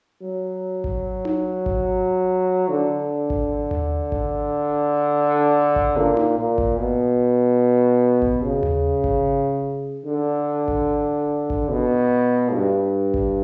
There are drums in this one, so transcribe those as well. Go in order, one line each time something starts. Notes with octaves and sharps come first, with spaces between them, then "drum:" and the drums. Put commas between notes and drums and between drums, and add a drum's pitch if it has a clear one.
F#3
drum: kick G#1
drum: tom D#4
drum: kick G#1
D3
drum: kick G#1
drum: tom D#2
drum: kick G#1
drum: kick G#1
A#2
drum: tom D#4
A#2
drum: kick G#1
B2
drum: kick G#1
C#3
drum: tom D#2
drum: kick G#1
D3
drum: kick G#1
drum: kick G#1
B2
G2
drum: kick G#1